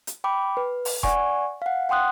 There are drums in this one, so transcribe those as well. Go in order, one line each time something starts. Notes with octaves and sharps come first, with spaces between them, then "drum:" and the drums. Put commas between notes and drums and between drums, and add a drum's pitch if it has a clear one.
drum: hi-hat
G5 B5 D6
B4
drum: open hi-hat
D5 F#5 G#5 C#6, drum: kick E1
F5 F#5
F#5 G5 C6 D#6 F#6